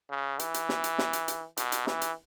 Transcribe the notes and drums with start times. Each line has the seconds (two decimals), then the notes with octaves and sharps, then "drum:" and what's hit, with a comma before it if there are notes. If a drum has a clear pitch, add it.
0.10 C#3
0.39 E3, drum: hi-hat
0.54 drum: hi-hat
0.69 drum: snare
0.84 drum: hi-hat
0.98 drum: snare
1.13 drum: hi-hat
1.28 drum: hi-hat
1.57 B2, drum: hi-hat
1.72 drum: hi-hat
1.87 E3, drum: snare
2.02 drum: hi-hat